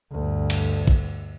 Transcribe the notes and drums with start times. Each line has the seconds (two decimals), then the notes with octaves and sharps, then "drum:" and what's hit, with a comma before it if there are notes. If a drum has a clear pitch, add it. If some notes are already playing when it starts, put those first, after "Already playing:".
0.12 D2 G2
0.50 drum: cymbal
0.87 drum: kick